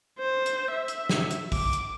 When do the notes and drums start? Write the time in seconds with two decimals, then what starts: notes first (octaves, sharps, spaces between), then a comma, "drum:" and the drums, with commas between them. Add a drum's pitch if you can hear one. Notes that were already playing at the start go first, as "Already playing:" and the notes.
0.19 C5
0.46 drum: hi-hat
0.71 E5
0.88 drum: hi-hat
1.09 drum: snare
1.31 drum: hi-hat
1.52 D6, drum: kick, open hi-hat
1.73 drum: hi-hat